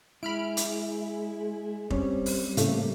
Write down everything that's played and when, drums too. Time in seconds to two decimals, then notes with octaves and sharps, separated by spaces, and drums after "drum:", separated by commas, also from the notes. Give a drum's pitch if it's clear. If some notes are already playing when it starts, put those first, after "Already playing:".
0.23 G#3 E4 B5 F6 D7
0.57 drum: hi-hat
1.90 G3 C4 C#4 C5 C#5, drum: kick F1
2.26 drum: open hi-hat
2.57 A2 C#3 A3 A#3, drum: hi-hat